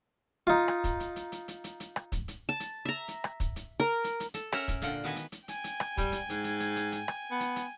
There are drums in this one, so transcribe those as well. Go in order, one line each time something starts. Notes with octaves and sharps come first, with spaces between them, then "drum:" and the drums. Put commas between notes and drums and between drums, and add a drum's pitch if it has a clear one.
D#4 F4
drum: rim click
drum: kick, hi-hat
drum: hi-hat
drum: hi-hat
drum: hi-hat
drum: hi-hat
drum: hi-hat
drum: hi-hat
drum: rim click
drum: kick, hi-hat
drum: hi-hat
A5
drum: hi-hat
E5 A#5
drum: hi-hat
drum: rim click
drum: kick, hi-hat
drum: hi-hat
A#4
drum: hi-hat
drum: hi-hat
A4, drum: hi-hat
C#4 A#4 C#5 E5 F#5 G#5, drum: rim click
drum: kick, hi-hat
A#2 D3 F4 F#5 G5, drum: hi-hat
D#3 B3 F#4 B4 G#5
drum: hi-hat
drum: hi-hat
G5 G#5, drum: hi-hat
drum: hi-hat
drum: rim click
G3, drum: kick, hi-hat
drum: hi-hat
G#2, drum: hi-hat
drum: hi-hat
drum: hi-hat
drum: hi-hat
drum: hi-hat
drum: rim click
B3
drum: hi-hat
drum: hi-hat